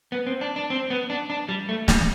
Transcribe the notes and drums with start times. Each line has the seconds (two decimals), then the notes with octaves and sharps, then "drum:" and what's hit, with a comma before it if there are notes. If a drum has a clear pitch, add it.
0.12 B3
0.27 C4
0.41 D4
0.56 D4
0.70 C4
0.90 B3
1.10 D4
1.30 D4
1.49 G3
1.69 A3
1.88 G3, drum: snare